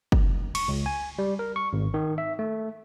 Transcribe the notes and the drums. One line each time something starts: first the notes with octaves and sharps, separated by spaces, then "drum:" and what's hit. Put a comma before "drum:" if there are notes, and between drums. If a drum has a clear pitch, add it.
drum: kick
C#6, drum: cymbal
C#2
G#5
G3
A#4
C#6
G#1
D#3
E5
A3